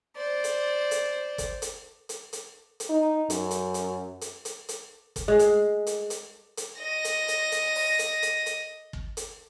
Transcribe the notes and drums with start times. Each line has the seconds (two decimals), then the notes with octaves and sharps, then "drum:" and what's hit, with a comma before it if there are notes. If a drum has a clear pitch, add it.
0.17 C5 D5
0.44 drum: hi-hat
0.91 drum: hi-hat
1.38 drum: kick, hi-hat
1.62 drum: hi-hat
2.09 drum: hi-hat
2.33 drum: hi-hat
2.80 drum: hi-hat
2.89 D#4
3.30 F#2, drum: hi-hat
3.51 drum: hi-hat
3.74 drum: hi-hat
4.21 drum: hi-hat
4.45 drum: hi-hat
4.69 drum: hi-hat
5.16 drum: kick, hi-hat
5.28 G#3
5.39 drum: hi-hat
5.87 drum: hi-hat
6.10 drum: hi-hat
6.57 drum: hi-hat
6.81 D#5 A#6
7.05 drum: hi-hat
7.28 drum: hi-hat
7.52 drum: hi-hat
7.75 drum: open hi-hat
7.99 drum: hi-hat
8.22 drum: hi-hat
8.46 drum: hi-hat
8.93 drum: kick
9.17 drum: hi-hat